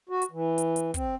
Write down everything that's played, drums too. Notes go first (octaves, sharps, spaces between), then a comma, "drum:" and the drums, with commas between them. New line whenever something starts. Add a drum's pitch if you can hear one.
F#4
drum: hi-hat
E3
drum: hi-hat
drum: hi-hat
C4, drum: kick, hi-hat